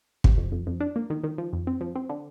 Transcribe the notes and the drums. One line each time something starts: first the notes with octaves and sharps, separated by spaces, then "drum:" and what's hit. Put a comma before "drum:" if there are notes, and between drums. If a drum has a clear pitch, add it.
C3, drum: kick
F2
F2
F2
D4
A#3
D#3
D#3
F3
F2
C4
F3
C4
D3